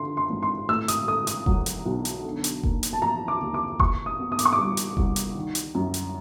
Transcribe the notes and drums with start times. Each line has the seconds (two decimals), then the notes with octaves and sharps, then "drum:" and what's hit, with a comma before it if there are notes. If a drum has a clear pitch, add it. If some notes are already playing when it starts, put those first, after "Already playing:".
Already playing: D3 C6
0.17 C6
0.30 G#1
0.43 C6
0.69 A2 E6
0.88 D#6, drum: hi-hat
1.07 A3 D#6
1.27 D#6, drum: hi-hat
1.46 F#3, drum: kick F1
1.66 drum: hi-hat
1.86 B1
2.05 drum: hi-hat
2.24 D3
2.44 drum: hi-hat
2.63 A#3, drum: kick F1
2.83 drum: hi-hat
2.93 A5
3.02 F3 A#5
3.28 D6
3.41 D#2
3.54 D6
3.80 A#2 C#6, drum: kick F1
4.06 D#6
4.19 B3
4.32 D#6
4.39 D6, drum: hi-hat
4.45 C#6
4.53 D6
4.58 G3
4.77 drum: hi-hat
4.97 C2, drum: kick F1
5.16 drum: hi-hat
5.35 D#3
5.55 drum: hi-hat
5.75 F#2
5.94 drum: hi-hat